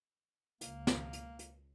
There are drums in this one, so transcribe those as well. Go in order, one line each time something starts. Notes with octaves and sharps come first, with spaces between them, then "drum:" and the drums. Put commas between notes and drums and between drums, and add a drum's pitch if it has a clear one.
C#2 A#3, drum: hi-hat
drum: snare
drum: hi-hat
drum: hi-hat